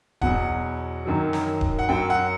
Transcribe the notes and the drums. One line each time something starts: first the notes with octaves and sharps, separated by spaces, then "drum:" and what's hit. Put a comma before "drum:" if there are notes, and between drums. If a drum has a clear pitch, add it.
E2 B2 F#3 F#5, drum: kick D1
F#2 D#3 F#3
drum: snare
drum: kick D1
F#5
F#2 F#3 G5
F#5